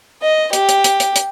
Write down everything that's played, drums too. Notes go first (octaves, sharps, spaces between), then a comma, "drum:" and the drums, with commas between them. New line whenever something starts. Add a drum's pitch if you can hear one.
D#5
G4, drum: hi-hat
drum: hi-hat
drum: hi-hat
drum: hi-hat
drum: hi-hat